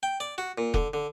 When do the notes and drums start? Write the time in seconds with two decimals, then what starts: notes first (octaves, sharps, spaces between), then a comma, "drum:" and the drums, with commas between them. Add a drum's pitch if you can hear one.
0.03 G5
0.20 D5
0.38 F#4
0.58 A#2
0.74 D3, drum: kick
0.94 D3